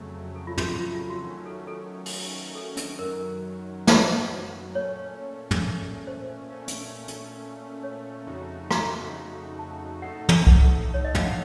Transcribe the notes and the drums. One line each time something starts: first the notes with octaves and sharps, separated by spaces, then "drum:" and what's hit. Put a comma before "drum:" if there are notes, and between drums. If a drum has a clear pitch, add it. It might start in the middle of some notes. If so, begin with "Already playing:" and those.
Already playing: F2 C#3 F#3 A3
A4
F4
F#4, drum: tom
F4
F4
F4
F#4
D#3 F#3 A3 C#4
A4
A4
drum: open hi-hat
A4
drum: hi-hat
F#2 D#3 F#3 A#4
C5, drum: snare
A#2 A3 C#4 C#5
drum: tom
C5
A#2 A3 C#4
drum: hi-hat
drum: hi-hat
C#5
F2 C#3 A3 D#4 F#4
A#5, drum: rim click
A5
A2 A3 D#4 A4 F#5
drum: tom
F#5, drum: kick C2
C#5
D#5
F5, drum: tom
F#5